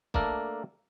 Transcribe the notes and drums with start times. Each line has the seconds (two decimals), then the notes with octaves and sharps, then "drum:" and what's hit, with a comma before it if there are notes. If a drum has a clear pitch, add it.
0.14 A3 A#3 D4 A4 A#4, drum: kick